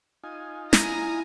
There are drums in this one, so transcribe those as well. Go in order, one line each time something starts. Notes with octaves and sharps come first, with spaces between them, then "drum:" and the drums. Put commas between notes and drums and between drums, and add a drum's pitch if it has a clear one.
D#4 F4 G#5
E4 G#5 A#5 D#6, drum: snare